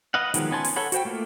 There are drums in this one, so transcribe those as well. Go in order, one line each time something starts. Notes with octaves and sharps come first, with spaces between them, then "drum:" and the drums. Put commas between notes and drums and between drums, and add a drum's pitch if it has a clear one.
B4 D#5 F5 F#5
D#3 F3 F#3 G#3 B3, drum: hi-hat
B3 C#4 G#5 A5 C6
drum: open hi-hat
A4 C#5 F#5 B5
F#4 C5 G5, drum: hi-hat
A3 A#3 F4